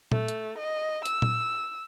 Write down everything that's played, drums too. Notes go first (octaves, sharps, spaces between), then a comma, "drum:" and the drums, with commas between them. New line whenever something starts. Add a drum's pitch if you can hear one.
A3, drum: tom A#2
drum: hi-hat
D#5
E6, drum: hi-hat
drum: tom A#2